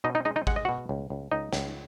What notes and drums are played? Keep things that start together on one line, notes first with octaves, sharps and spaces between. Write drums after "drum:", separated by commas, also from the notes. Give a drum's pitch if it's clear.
B2 D#4 D#5
D#4 D#5
G#3 D#4 D#5
D#4 D#5
G#3 F#5, drum: kick
D#5
B2 F#4 F#5
C#2
C#2
C#2 D#4 D#5
C#2, drum: snare